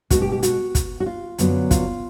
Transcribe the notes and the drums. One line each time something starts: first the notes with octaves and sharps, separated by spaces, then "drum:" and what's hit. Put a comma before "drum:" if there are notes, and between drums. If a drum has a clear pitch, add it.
B2 G#3 B3 F#4, drum: kick, hi-hat
G4
G4
F#4, drum: hi-hat
drum: kick, hi-hat
F#4
F4
F#2 D3 F#3 B3, drum: hi-hat
F4, drum: kick, hi-hat